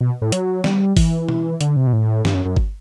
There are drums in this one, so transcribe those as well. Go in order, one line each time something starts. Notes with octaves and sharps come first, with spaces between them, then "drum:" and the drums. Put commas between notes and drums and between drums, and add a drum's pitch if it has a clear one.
B2
A2
F#3, drum: hi-hat
G3, drum: snare
E3, drum: kick G1, open hi-hat
drum: tom B2
D3, drum: hi-hat
C3
B2
A2
G2, drum: snare
F#2
F#2
drum: kick G1